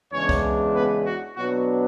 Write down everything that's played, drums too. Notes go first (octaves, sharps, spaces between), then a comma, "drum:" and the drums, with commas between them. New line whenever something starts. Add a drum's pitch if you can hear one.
E2 C#3 G#3 C#4 D4 C#5
drum: kick C2
B3 B4
F#4
B2 F#3 B3 D4 F#4